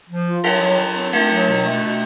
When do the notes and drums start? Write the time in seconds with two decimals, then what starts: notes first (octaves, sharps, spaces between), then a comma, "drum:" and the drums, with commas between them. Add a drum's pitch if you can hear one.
0.09 F3
0.27 F4
0.44 F#3, drum: cymbal
0.61 F#3
0.78 F#3
0.95 C4
1.13 A3, drum: cymbal
1.29 F#3
1.48 B2
1.64 A3
1.82 B2